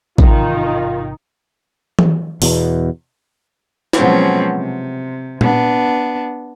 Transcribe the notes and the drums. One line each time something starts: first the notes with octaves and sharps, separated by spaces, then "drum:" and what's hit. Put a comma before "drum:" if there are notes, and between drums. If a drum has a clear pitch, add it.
A1 G#2 C3 D#3 D#4 F4, drum: kick A1
drum: tom E3
E2 B2, drum: open hi-hat
B2 F3 F#3 G#3 C4 C#4, drum: snare
C3
B3 D4, drum: tom A#2